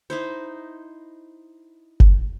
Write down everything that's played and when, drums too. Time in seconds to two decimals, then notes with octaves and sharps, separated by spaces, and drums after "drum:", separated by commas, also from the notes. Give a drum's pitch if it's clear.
0.10 D#4 E4 C5
2.00 drum: kick F#1